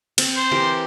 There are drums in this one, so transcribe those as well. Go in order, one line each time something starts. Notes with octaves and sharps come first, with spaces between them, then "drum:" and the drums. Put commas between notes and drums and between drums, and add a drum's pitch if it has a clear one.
C4, drum: cymbal
C5
E3 G4 A#4